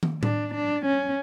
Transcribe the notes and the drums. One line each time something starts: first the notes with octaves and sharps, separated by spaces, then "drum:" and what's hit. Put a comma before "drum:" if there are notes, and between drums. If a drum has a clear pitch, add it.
drum: tom
D4, drum: tom A2
D4
C#4